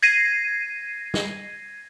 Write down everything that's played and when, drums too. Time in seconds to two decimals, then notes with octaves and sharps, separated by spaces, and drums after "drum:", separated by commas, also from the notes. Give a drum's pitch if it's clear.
0.03 G#6 A#6 C7 D#7
1.14 drum: snare